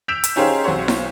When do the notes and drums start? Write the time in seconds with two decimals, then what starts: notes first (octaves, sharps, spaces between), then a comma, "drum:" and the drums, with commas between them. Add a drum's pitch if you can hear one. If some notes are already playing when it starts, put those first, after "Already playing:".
0.08 E6 G6 B6 D7 E7 F7
0.24 drum: hi-hat
0.36 C#4 D#4 G4 G#4 C5 F5
0.64 B1 C4 F#4 C5 C#5
0.88 drum: snare